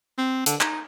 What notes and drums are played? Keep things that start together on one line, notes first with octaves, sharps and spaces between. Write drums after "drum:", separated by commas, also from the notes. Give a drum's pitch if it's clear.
C4
D3, drum: hi-hat
D#4, drum: clap